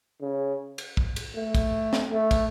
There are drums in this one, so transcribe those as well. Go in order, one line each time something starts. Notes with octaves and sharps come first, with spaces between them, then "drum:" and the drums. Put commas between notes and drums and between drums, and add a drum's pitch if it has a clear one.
C#3
drum: cymbal
drum: kick
drum: cymbal
A3
drum: kick, cymbal
drum: snare
A3
drum: kick, cymbal